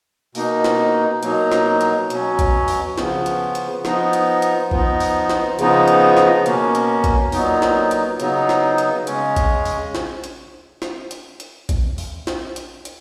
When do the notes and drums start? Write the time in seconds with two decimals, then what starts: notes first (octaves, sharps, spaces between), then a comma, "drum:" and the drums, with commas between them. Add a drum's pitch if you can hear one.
0.35 B2 A#3 D#4, drum: open hi-hat
0.64 drum: snare
1.23 B2 F#3 A#3 D#4, drum: hi-hat
1.52 drum: snare
1.81 drum: hi-hat
2.10 B2 F#3 C#4, drum: hi-hat
2.39 drum: kick A#1, hi-hat
2.68 drum: open hi-hat
2.98 C#3 F3 B3, drum: snare
3.26 drum: hi-hat
3.55 drum: hi-hat
3.85 F3 B3 D#4, drum: snare
4.13 drum: hi-hat
4.42 drum: hi-hat
4.71 F3 B3 D#4, drum: kick A#1
5.00 drum: open hi-hat
5.29 drum: snare
5.59 C#3 F3 B3 D#4, drum: hi-hat
5.88 drum: hi-hat
6.17 drum: snare
6.46 B2 A#3 C#4, drum: hi-hat
6.75 drum: hi-hat
7.04 drum: kick A#1, hi-hat
7.32 A#2 F#3 B3 D#4, drum: open hi-hat
7.62 drum: snare
7.91 drum: hi-hat
8.20 C#3 F#3 B3 D#4, drum: hi-hat
8.49 drum: snare
8.78 drum: hi-hat
9.07 C#3 G#3 C#4, drum: hi-hat
9.36 drum: kick A#1, hi-hat
9.65 drum: open hi-hat
9.95 drum: snare
10.24 drum: hi-hat
10.82 drum: snare
11.11 drum: hi-hat
11.40 drum: hi-hat
11.69 drum: kick A#1, hi-hat
11.98 drum: open hi-hat
12.27 drum: snare
12.56 drum: hi-hat
12.85 drum: hi-hat